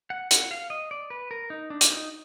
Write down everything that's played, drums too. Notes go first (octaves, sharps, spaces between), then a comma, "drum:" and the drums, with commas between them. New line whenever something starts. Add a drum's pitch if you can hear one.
F#5
F#5, drum: hi-hat
F5
D#5
D5
B4
A#4
D#4
D4
drum: hi-hat
D#4